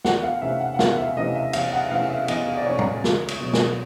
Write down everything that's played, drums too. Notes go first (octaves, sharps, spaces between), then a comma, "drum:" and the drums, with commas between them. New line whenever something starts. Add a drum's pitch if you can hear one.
E2 F#5, drum: snare
F5
C3 E3 A3 C#4 E5
F#5
F#5
E2 F5, drum: snare
E5
C3 E3 A3 C#4 D#5
E5
E2 F5, drum: cymbal
F#5
C3 E3 A3 C#4 F5
E5
E2 D#5, drum: cymbal
D5
C3 E3 A3 C#4 C#5
drum: tom A2
C#2, drum: snare
drum: cymbal
B2 F#3 B3
drum: snare